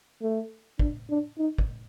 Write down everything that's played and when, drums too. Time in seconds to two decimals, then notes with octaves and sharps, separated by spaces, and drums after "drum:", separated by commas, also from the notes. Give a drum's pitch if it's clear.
0.21 A3
0.79 D4, drum: kick
1.10 D4
1.38 D#4
1.58 drum: kick